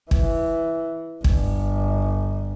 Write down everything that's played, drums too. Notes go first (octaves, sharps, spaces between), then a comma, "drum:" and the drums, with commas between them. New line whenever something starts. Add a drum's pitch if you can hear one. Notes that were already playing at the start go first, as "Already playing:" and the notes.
E3, drum: kick
G1, drum: kick